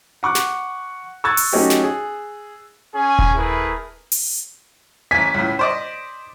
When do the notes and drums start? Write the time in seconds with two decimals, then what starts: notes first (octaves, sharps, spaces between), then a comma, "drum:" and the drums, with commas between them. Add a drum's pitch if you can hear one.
0.23 F#5 C#6 D6 F#6
0.35 drum: snare
1.24 C#6 E6 F#6 G#6 A6
1.37 drum: open hi-hat
1.53 F#3 A3 C#4 D#4 F#4 G4
1.70 drum: snare
1.83 G#4
2.94 C#4 G#4 G#5
3.19 drum: kick D#1
3.36 A3 E4 G#4 A#4 B4
4.12 drum: open hi-hat
5.11 A1 G#5 B6
5.34 C#2 A2
5.59 C5 D5 D#5